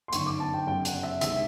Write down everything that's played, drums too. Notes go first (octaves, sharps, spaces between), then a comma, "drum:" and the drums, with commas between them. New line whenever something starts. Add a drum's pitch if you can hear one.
C6
G1 F#2 D#3 C#6, drum: hi-hat
D6
A5
G5
F#2 C#3 F#3 G5
F#5, drum: hi-hat
E5
C2 C3 D#3 G#3 E5, drum: hi-hat